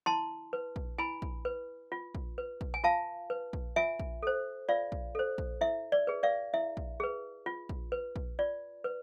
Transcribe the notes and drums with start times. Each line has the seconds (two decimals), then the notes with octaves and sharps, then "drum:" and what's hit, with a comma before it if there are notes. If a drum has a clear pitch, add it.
0.06 E4 A5 C6
0.53 B4
0.76 drum: kick A#1
0.98 E4 G#5 B5
1.22 drum: kick A#1
1.45 B4
1.92 F4
2.15 drum: kick A#1
2.38 B4
2.61 drum: kick A#1
2.74 G#5
2.84 F4 F5 A5
3.30 B4
3.53 drum: kick A#1
3.76 F4 E5 G#5
3.99 drum: kick A#1
4.23 A4 C5
4.69 F4 D5 F5
4.92 drum: kick A#1
5.15 A4 C5
5.38 drum: kick A#1
5.61 E4 E5
5.92 D5
6.07 G#4 B4
6.23 D5 F5
6.54 E4 E5
6.77 drum: kick A#1
7.00 G#4 B4
7.46 F4
7.69 drum: kick A#1
7.92 B4
8.16 drum: kick A#1
8.39 F4 D5
8.84 B4